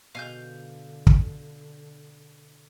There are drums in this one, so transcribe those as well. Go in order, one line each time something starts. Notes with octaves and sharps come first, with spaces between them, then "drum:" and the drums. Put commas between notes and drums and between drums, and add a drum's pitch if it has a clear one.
B2 D3 F5 G#5 G6
drum: kick